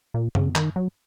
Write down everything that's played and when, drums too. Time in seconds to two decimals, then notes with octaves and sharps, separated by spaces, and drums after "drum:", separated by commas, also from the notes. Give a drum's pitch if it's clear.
0.14 A#2
0.35 C#3, drum: tom F#2
0.55 D#3, drum: clap
0.76 F#3